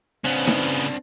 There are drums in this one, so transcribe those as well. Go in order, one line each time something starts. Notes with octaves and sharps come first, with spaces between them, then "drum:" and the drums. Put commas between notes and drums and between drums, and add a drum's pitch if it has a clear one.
C#3 B3 C4 D4
drum: snare D#4